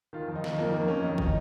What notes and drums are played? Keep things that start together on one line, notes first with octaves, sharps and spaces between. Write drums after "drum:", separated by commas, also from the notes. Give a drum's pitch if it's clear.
D#3 F4
F2
D#4
D#3, drum: snare
F2 A#3
D#3 A#3
F2 C#4
D#3 D#4
D#4, drum: kick